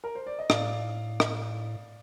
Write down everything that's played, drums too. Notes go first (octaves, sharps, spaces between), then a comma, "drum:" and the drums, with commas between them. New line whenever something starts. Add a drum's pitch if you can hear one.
A#4
C5
D5
D#5
A2 D5 F5, drum: rim click
drum: rim click